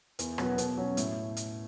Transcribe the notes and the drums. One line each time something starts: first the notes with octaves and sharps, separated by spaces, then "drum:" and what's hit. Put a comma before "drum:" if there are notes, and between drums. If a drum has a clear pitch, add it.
E2, drum: hi-hat
B2 F#3 B3, drum: rim click
B2, drum: hi-hat
F#3 C#4
A2, drum: hi-hat
drum: hi-hat